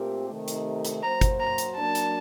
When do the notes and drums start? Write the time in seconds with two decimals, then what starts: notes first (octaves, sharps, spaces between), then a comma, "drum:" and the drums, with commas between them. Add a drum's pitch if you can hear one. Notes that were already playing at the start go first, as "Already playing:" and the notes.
Already playing: A#2 A3 C4 G4 A#4
0.29 C3 D#3 A3
0.48 drum: hi-hat
0.85 drum: hi-hat
1.03 F#3 A#3 F#4 C5 A#5
1.21 drum: kick, hi-hat
1.40 A#5
1.58 drum: hi-hat
1.76 F#3 A#3 D4 A5
1.95 drum: hi-hat